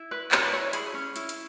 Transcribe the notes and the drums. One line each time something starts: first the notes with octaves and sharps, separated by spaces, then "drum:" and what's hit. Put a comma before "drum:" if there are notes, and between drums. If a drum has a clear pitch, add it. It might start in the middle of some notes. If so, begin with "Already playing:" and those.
Already playing: E4
B4
E4 C#5, drum: clap
B4
E4 C#5
G#4 B5, drum: hi-hat
C#4
E4, drum: hi-hat
drum: hi-hat